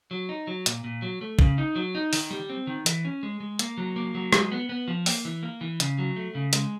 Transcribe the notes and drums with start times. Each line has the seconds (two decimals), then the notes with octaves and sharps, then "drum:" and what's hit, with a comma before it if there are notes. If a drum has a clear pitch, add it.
0.11 F#3
0.29 D#4
0.47 F#3
0.66 A#2, drum: hi-hat
0.84 A#2
1.02 F#3
1.21 A3
1.39 C#3, drum: kick A1
1.58 D#4
1.76 F#3
1.95 D#4
2.13 D#3, drum: open hi-hat
2.31 G3
2.49 C4
2.67 D#3
2.86 E3, drum: hi-hat
3.05 C#4
3.23 G#3
3.40 G#3
3.59 A#3, drum: hi-hat
3.77 F#3
3.96 A#3
4.15 F#3
4.33 G#3, drum: rim click
4.52 B3
4.69 B3
4.88 F3
5.06 A#3, drum: open hi-hat
5.25 E3
5.43 A#3
5.61 E3
5.80 C#3, drum: hi-hat
5.98 F#3
6.16 A3
6.35 C#3
6.53 G#3, drum: hi-hat